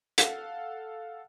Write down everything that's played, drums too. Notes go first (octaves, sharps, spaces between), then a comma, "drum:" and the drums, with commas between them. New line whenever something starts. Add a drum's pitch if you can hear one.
A4 F5 F#5, drum: hi-hat